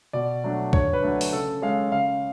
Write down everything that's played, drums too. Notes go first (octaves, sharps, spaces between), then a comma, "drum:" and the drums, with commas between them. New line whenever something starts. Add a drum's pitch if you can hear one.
B2 D5
F#3 A3 D4
D3 C#5, drum: kick
B4
F#3 A3 D4
drum: open hi-hat
C#3 A4
G#3 C#4 F5
C#3 F5